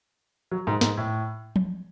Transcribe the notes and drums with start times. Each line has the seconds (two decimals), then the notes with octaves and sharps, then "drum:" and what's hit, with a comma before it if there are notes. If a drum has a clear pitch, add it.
0.51 F#3
0.67 G#2
0.81 G#2, drum: snare
0.97 A2
1.56 drum: tom F3